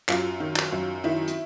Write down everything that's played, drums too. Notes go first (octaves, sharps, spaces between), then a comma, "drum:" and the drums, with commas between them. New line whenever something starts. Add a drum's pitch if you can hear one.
F#2 F4, drum: clap
D#3
drum: clap
F#2
D#3 E4
drum: hi-hat